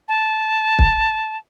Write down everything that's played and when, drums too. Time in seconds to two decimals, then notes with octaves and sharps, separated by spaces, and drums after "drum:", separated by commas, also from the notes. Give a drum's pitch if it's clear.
0.08 A5
0.79 drum: kick